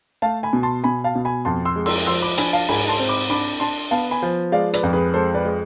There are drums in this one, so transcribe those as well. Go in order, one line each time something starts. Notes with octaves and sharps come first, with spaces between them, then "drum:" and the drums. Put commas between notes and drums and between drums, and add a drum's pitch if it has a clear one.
A3 F5 A5
G#5 B5
B2
A5 C6
B2 G#5 B5
F5 A5
B2
G#5 B5
F2 A5 C6
C6 E6
G#3
C6 E6, drum: cymbal
F3 C6 E6
B5 D6
D4 G#5 B5, drum: hi-hat
F5 A5
G#2 G#5 B5, drum: cymbal
A5 C6
C4
B5 D6
D4 B5 D6
D4 A5 C6
B3 F5 A5
G#5 B5
F3
G#3 D5 F5
B4 D5, drum: hi-hat
F2
G#4 B4
G#3 A4 C5
B4 D5
G#3